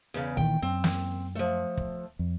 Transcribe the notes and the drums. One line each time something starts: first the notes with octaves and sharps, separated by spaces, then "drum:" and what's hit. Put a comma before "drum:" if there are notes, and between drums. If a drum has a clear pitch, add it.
E2 C#3
A#2 D#3 E3 G5, drum: kick
F#2 C4
drum: snare
F3 A3
drum: kick
F2